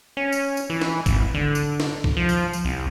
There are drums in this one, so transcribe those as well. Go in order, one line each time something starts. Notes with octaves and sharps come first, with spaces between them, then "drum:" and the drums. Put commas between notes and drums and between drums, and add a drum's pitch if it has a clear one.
C#4
drum: tambourine
drum: tambourine
E3
drum: snare
G#1, drum: kick B1, tambourine
D3
drum: tambourine
drum: snare
drum: kick B1
F3
drum: tambourine
drum: tambourine
C2